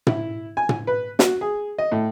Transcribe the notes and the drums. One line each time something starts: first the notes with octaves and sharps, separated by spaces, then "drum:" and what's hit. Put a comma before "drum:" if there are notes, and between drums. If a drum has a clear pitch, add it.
E4, drum: tom
G#5
drum: tom
B4
F#4, drum: snare
G#4
D#5
A2